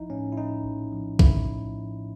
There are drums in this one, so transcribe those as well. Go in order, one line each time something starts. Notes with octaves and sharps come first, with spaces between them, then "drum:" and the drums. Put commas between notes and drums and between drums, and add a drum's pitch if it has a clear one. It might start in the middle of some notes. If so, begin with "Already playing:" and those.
Already playing: A#1 F3 D#4 E4
A2 C#4
E4
A#1 D#4
A#1
F3
A2 E4, drum: kick B1